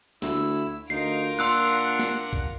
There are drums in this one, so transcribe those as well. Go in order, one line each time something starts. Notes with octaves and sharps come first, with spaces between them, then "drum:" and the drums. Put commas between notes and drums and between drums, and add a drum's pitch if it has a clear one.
D2 E4 E6, drum: snare
D2 D#4 F4 A#4 C7
A#2 D4 F#5 C6 E6 F#6
drum: snare
drum: kick